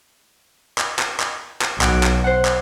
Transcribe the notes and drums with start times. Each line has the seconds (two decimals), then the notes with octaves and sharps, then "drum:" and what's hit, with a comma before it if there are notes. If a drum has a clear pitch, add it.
0.78 drum: clap
0.99 drum: clap
1.20 drum: clap
1.62 drum: clap
1.81 B1 F#5 D7, drum: clap
2.03 drum: clap
2.24 C5 F#5
2.45 drum: clap